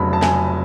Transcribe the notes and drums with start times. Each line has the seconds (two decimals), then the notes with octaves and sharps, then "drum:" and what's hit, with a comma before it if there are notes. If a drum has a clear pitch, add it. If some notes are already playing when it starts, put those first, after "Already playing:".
Already playing: F1 F2 C#3 F#3 B5
0.13 A5
0.23 G#5, drum: snare